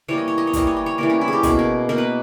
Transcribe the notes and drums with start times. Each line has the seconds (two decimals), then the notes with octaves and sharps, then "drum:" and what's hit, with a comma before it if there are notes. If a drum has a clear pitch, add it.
0.08 E3 G3 A#3 C#5
0.18 D#5
0.28 C#5
0.38 D#5
0.47 C#5
0.53 E3 G3 A#3 D#5, drum: kick, hi-hat
0.67 C#5
0.77 D#5
0.86 C#5
0.98 E3 G3 A#3 A#4
1.10 C#4
1.21 E4
1.28 G4 G#4
1.43 B2 A#3 G#4, drum: kick, hi-hat
1.59 A#4
1.89 B2 A#3 A#4
1.98 B4